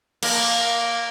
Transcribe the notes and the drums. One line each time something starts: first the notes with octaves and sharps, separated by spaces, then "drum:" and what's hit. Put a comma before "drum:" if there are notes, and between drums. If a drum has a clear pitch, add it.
A#3, drum: cymbal